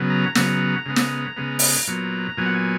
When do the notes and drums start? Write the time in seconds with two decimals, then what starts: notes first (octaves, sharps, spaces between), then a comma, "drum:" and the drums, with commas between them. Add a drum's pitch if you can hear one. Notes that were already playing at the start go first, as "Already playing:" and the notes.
Already playing: C#3 F#3 B3
0.10 A#5
0.35 C#3 F#3 B3 A#5, drum: snare
0.86 C#3 G#3 B3
0.96 drum: snare
1.37 C#3 G#3 B3
1.59 drum: open hi-hat
1.87 A#2 F#3 B3
2.37 A#2 F#3 B3 G#5
2.46 F#5
2.54 G#5